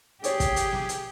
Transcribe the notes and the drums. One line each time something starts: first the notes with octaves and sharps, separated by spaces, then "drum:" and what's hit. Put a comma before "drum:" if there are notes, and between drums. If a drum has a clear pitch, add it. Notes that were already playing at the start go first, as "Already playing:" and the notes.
G4 G#4 C#5 D5, drum: hi-hat
drum: kick, hi-hat
drum: hi-hat
drum: snare
drum: hi-hat